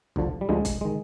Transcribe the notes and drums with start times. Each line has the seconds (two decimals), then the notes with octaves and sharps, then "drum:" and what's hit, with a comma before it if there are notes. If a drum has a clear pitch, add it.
0.16 D2 D3 F3, drum: kick
0.41 G3
0.49 D2 D3 F3 G#3
0.65 drum: kick, hi-hat
0.81 D#3 G#3